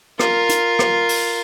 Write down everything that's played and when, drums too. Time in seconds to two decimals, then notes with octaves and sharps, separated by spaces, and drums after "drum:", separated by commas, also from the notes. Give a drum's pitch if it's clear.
0.19 F4 A#4, drum: rim click
0.49 drum: hi-hat
0.79 drum: rim click
1.09 drum: open hi-hat